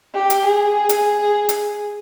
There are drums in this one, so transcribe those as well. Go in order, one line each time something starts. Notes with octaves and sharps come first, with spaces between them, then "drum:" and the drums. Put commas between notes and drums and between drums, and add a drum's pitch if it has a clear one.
G4
drum: hi-hat
G#4
drum: hi-hat
drum: hi-hat